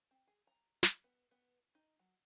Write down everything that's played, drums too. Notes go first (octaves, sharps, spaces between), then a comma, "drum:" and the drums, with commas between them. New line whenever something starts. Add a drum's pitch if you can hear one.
C4
G#4
A#5
drum: snare
B3
B3
D#4
F#3